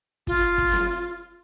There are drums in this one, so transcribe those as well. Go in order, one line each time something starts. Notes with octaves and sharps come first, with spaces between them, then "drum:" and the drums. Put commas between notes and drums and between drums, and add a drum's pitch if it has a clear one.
F4, drum: kick
drum: kick
drum: snare